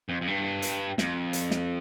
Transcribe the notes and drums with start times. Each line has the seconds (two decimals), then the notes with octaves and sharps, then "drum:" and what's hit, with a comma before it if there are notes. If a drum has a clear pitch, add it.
0.09 F2
0.21 F2
0.27 G2
0.62 drum: hi-hat
0.98 F2, drum: snare
1.33 drum: hi-hat
1.51 drum: snare